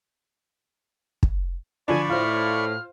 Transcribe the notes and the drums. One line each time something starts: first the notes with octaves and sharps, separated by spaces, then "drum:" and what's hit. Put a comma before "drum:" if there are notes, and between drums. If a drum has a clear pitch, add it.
drum: kick
D3 F3 D4 D5 G#5 B5 C#6
A2 F4 C5 F6